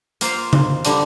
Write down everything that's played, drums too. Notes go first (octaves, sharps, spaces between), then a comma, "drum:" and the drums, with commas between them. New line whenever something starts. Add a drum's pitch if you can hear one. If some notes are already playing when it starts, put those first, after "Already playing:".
A#3 F4 C5 F5, drum: hi-hat
drum: tom C#3
D3 G3 D4, drum: hi-hat